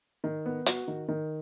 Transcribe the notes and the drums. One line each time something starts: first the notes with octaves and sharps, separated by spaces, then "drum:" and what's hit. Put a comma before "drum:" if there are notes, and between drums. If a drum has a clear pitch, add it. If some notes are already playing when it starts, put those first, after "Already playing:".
D#3
B3
F#4, drum: hi-hat
D#3
D#3